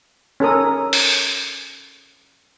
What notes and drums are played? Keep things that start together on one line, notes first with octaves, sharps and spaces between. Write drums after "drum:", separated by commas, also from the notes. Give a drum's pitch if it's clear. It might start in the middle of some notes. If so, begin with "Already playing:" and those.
C#4 A4 A#4 D#6
drum: open hi-hat